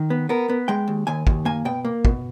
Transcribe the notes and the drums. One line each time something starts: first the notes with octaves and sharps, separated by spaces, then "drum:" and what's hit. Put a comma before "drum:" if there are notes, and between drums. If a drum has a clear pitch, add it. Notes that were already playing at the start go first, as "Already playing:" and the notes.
Already playing: D#3
B3
B3 A#4
B3
G#3 G5
D#2
D#2 G#5
D#2, drum: kick
A#3 G#5
B2 G5
A#3
B2, drum: kick